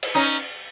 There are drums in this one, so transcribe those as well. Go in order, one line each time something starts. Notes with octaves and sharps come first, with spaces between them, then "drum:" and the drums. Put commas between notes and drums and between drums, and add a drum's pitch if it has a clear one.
drum: cymbal
C#4 D#4